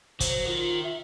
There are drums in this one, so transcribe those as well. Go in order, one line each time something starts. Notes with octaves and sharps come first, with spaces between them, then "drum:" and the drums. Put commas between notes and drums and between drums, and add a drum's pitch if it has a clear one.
F#3 C5, drum: kick, hi-hat
D#3 F4
E5